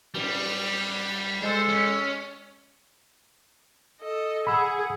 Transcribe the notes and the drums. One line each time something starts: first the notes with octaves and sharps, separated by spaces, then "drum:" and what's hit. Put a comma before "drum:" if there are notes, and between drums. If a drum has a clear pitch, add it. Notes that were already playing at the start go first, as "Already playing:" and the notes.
G3, drum: cymbal
G#3 A4 C5
C#4
A4 D#5
G#4 F#5 B5 E6